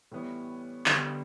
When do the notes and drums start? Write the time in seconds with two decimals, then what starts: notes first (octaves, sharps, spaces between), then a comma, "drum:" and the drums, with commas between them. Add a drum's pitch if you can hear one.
0.11 A2 E3 G3 B3
0.86 D3 G3 B3, drum: clap